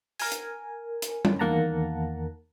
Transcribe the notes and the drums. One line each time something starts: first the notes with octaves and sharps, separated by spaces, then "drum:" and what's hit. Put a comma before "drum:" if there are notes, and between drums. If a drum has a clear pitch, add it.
A#4 G#5, drum: open hi-hat
drum: hi-hat
drum: hi-hat
drum: tom G3
E2 D#3 A#3 F#5 A5 A#5